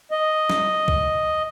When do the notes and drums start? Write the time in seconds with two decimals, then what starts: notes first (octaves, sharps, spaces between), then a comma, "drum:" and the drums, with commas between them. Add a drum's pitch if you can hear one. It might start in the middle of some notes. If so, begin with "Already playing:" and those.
0.11 D#5
0.50 drum: snare
0.88 drum: kick C2